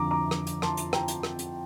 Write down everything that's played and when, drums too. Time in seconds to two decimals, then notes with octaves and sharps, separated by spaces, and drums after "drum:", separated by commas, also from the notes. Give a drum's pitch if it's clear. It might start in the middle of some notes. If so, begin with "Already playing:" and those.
Already playing: F2 D3 F3 A#5 D6
0.11 A#5 D6
0.31 drum: rim click
0.47 drum: hi-hat
0.62 A5 C6, drum: rim click
0.77 drum: hi-hat
0.93 G5 A#5, drum: rim click
1.08 drum: hi-hat
1.23 drum: rim click
1.39 drum: hi-hat